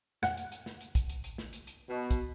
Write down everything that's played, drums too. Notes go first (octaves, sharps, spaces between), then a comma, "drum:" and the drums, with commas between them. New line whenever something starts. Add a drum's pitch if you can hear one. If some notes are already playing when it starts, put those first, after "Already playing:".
F#5, drum: snare
drum: hi-hat
drum: hi-hat
drum: snare
drum: hi-hat
drum: kick, hi-hat
drum: hi-hat
drum: hi-hat
drum: snare
drum: hi-hat
drum: hi-hat
B2
drum: kick, hi-hat